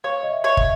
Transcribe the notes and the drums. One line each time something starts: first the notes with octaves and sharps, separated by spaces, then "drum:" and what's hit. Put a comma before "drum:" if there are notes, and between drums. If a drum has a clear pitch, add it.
C#5 F5
D#5
E5
C#5
E5, drum: kick